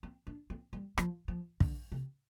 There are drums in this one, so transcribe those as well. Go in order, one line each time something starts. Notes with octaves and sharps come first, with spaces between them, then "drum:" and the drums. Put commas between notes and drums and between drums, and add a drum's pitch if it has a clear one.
C4
D4
C4
G3
F3, drum: rim click
F3
D3, drum: kick
C3